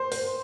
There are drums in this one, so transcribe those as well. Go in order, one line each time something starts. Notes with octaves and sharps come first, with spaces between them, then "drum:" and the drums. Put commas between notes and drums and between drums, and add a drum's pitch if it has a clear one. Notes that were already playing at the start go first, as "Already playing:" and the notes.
Already playing: C5
C5, drum: open hi-hat